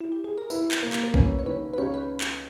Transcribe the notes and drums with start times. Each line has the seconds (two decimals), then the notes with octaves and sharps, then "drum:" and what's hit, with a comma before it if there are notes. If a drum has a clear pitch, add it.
0.00 E4
0.12 G4
0.24 G#4
0.38 A#4
0.50 E4 B4, drum: tambourine
0.71 drum: clap
0.82 A#3 A#4
0.93 drum: clap
1.03 A#4
1.14 C#4 B4, drum: kick A#1
1.39 C#5
1.46 D#3 B4
1.74 B4
1.78 C#2 C#5
1.94 B4
2.21 drum: clap